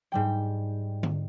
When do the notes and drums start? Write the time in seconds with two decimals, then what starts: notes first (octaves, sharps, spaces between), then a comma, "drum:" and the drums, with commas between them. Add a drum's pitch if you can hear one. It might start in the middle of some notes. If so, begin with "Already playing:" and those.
0.12 G#2 G3 G5
1.03 drum: tom D3